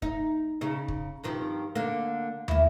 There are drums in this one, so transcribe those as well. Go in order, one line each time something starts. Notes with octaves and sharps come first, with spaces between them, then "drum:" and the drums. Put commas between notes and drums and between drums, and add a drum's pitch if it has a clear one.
D#4, drum: kick
C#3 D#4
drum: kick
G2 D#3 F3
D3 A#3
A#3 E4, drum: tom